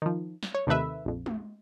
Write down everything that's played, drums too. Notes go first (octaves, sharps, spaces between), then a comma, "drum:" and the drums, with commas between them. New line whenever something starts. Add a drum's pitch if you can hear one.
D#3 F3
drum: snare
C#5
D#2 C3 D#3 A3 B4 E5
A#1 F2
drum: tom G#3